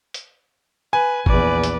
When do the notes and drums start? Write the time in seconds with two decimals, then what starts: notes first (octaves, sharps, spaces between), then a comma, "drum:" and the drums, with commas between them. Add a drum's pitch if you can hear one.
0.14 drum: hi-hat
0.93 B4 G#5
1.26 A#1 E2 B4 D5, drum: kick G#1
1.64 drum: hi-hat